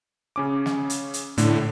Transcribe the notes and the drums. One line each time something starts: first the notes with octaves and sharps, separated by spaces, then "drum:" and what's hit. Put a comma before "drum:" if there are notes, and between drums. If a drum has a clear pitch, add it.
C#3 C#4 D6
drum: snare
drum: hi-hat
drum: hi-hat
A2 D3, drum: hi-hat